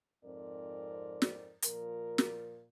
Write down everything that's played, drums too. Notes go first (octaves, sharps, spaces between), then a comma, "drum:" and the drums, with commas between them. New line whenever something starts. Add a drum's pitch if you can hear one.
F2 G#2 C4 A#4 D5
drum: snare
A#2 F3 A#4, drum: hi-hat
drum: snare